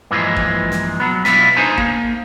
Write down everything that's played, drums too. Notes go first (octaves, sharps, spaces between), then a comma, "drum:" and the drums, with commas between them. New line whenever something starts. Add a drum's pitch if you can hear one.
G2 A#2 E3 F3 G#3
drum: kick
drum: snare
F#3 B3
B2 D4 E4 F4 B4, drum: snare
D4 D#4 G#4 C5 G#5 A5
A#3, drum: kick